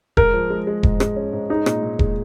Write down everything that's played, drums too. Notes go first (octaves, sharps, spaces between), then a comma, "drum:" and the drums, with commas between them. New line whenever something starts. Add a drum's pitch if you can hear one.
G#3 A#4, drum: kick E1
F3
G#3
G#3
G#2, drum: kick E1
G#3, drum: rim click
C#4
G#2
G#3 D#4
A#2, drum: rim click
A#2
G#3, drum: kick E1